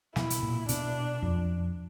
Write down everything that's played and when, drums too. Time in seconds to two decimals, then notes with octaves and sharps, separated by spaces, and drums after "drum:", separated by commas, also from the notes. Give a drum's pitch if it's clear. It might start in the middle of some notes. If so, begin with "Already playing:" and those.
0.16 B2 E4, drum: snare
0.30 drum: hi-hat
0.43 A#2
0.69 B2 D4, drum: hi-hat
1.22 F2